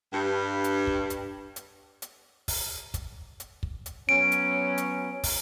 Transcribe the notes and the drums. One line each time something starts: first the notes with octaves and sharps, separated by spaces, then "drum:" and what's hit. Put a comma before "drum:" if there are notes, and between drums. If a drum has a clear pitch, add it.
G2
drum: hi-hat
drum: kick
drum: hi-hat
drum: hi-hat
drum: hi-hat
drum: kick, open hi-hat
drum: kick, hi-hat
drum: hi-hat
drum: kick
drum: hi-hat
F#3 B3 C#4 D7
drum: hi-hat
drum: hi-hat
drum: kick, open hi-hat